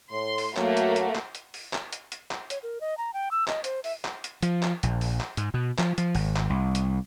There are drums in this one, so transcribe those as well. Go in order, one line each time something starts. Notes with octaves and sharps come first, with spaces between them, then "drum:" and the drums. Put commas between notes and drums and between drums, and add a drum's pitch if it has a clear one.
A2 C6
drum: open hi-hat
F#2 F#3 A3 A#3 F#4, drum: clap
drum: hi-hat
drum: hi-hat
drum: clap
drum: hi-hat
drum: open hi-hat
drum: clap
drum: hi-hat
drum: hi-hat
drum: clap
C#5, drum: hi-hat
A#4
D#5
A#5
G5
E6
D#5, drum: clap
C5, drum: hi-hat
E5, drum: open hi-hat
drum: clap
drum: hi-hat
F3, drum: hi-hat
drum: clap
A#1, drum: hi-hat
drum: open hi-hat
drum: clap
G#2, drum: hi-hat
B2
F3, drum: clap
F3, drum: hi-hat
G#1, drum: open hi-hat
drum: clap
C2
drum: hi-hat